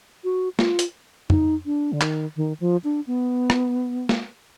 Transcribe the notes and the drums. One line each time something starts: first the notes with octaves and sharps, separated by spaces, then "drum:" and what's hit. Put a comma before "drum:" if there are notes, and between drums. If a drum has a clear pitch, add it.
F#4
F4, drum: snare
drum: hi-hat
D#4, drum: tom
D4
D3
D#3, drum: clap
D#3
F3
D4
B3
drum: rim click
drum: snare